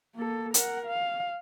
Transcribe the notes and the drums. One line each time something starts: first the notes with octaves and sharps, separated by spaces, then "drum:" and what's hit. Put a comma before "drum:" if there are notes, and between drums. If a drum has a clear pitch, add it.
A#3 A4
A#4 F#5, drum: hi-hat
F5